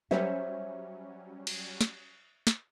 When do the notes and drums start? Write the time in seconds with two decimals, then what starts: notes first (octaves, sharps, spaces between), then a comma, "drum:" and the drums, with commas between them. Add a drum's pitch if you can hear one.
0.11 F#3 G3 C#4 C5 C#5 E5
1.47 drum: cymbal
1.81 drum: snare
2.47 drum: snare